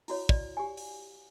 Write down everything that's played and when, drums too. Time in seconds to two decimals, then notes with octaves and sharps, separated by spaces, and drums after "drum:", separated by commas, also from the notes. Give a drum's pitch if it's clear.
0.08 E4 F#4 C#5, drum: open hi-hat
0.29 D5, drum: kick
0.57 G4 G#5
0.77 drum: open hi-hat